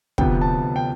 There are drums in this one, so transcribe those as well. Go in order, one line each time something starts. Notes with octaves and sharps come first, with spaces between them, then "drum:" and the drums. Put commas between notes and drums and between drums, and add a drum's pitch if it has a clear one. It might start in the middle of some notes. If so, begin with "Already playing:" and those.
D2 C3 F3 B3 G5, drum: kick
A5
G5